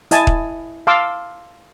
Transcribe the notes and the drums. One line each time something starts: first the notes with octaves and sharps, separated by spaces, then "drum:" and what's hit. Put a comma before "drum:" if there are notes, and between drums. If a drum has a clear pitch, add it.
E4 D#5 G#5 A5 D#6, drum: hi-hat
drum: kick D#1
F5 A5 C6 D6 E6